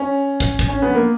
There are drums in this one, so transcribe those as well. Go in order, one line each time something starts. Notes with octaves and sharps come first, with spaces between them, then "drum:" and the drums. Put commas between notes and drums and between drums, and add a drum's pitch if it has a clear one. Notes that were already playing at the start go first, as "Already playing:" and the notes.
Already playing: C#4
drum: kick
drum: kick
C#4
B3
A#3